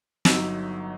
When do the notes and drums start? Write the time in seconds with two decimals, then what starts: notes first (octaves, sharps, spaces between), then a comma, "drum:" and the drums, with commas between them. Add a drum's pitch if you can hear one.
0.25 G1 F#3 D#4 E6 B6, drum: snare